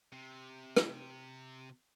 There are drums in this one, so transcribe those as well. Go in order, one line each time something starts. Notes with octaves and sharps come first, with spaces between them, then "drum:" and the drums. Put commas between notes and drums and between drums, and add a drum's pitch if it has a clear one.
C3
drum: rim click